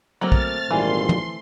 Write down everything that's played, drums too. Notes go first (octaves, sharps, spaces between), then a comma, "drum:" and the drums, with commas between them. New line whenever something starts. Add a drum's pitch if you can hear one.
F#3 A3 A#3 C4 F#5 F6 A6
drum: kick
G#1 A#2 E3 G3 A3 C6
drum: tom